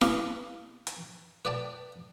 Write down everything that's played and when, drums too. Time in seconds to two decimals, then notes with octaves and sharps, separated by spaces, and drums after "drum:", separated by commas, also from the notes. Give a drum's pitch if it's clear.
0.01 G4 G#4 B4 F5, drum: snare E4
0.87 drum: hi-hat
1.45 B4 D5 G5 A5